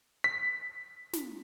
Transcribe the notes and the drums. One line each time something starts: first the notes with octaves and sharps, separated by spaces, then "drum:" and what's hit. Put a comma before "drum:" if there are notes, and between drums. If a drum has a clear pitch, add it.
B6
drum: snare